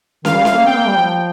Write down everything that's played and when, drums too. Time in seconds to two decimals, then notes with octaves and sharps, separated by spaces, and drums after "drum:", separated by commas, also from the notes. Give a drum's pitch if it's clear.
0.25 D#3 F5, drum: snare
0.35 G3
0.45 A3, drum: snare
0.55 A#3
0.66 C4 G5
0.76 A#3
0.86 G3
0.97 F3